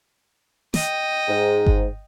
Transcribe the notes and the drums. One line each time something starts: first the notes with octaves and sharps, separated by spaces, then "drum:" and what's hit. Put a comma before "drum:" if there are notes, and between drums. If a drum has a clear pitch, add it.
D#5 G5, drum: snare
G#2
drum: kick G1